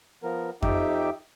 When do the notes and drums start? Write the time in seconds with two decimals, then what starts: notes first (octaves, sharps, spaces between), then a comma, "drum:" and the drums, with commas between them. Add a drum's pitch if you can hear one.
0.23 F3 B3 A#4
0.63 F2 D#4 G4 E5 G5 D6, drum: kick F2